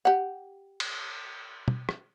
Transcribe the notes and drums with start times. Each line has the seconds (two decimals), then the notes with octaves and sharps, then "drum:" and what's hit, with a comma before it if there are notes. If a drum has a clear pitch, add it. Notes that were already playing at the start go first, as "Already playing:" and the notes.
0.05 G4 F#5
0.80 drum: cymbal
1.68 drum: tom
1.89 drum: rim click